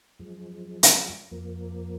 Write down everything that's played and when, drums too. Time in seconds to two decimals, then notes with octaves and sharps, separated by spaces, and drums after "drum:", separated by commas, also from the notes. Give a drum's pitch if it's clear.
0.19 F#2 F3 G#3
0.83 drum: hi-hat
1.31 F2 F3 A#3